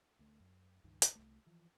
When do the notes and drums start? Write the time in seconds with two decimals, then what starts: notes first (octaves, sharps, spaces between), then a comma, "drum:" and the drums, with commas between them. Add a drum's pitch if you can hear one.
0.19 D2 A3
0.40 F#2
0.84 C#2 G2 D#3
1.02 drum: hi-hat
1.15 C2 A3
1.46 E3 F3